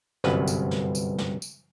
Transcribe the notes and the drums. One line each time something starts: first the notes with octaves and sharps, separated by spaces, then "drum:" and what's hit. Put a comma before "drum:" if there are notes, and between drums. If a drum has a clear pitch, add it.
G1 C2 F#2 B4, drum: snare
drum: tambourine
drum: snare
drum: tambourine
drum: snare
drum: tambourine